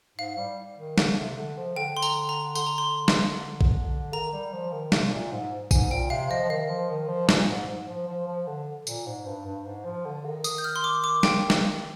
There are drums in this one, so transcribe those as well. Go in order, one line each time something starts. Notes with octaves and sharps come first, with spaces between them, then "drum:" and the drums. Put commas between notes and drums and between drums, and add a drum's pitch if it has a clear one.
G#2 F5
G3
D#3
D3, drum: snare
C3
D3
F3
D3 G5
C6
A#5, drum: tambourine
A#5
D3 C6, drum: tambourine
A#5
C6
drum: snare
drum: kick A#1
D#3 A#5
G3
F3
D#3
C3, drum: snare
A#2
G#2
G#2 G#5, drum: kick A#1, tambourine
A#2 G5
C3 F5
F3 D#5
F3
D#3 F5
F3
D#3
F3
A#2, drum: snare
G#2
G#2
F3
F3
F3
D3
A#2, drum: tambourine
G#2
G2
G2
G#2
F3
D3
D#3
D#6, drum: tambourine
G6
F6
C6
D6
D6
G5, drum: snare
drum: snare